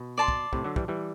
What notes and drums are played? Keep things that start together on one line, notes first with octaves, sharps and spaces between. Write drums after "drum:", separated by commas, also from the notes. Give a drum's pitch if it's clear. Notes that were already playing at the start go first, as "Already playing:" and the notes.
Already playing: B2
D5 A5 C6
drum: kick
A2 C3, drum: kick
D3 F#3
E3 G3, drum: kick
E3 G3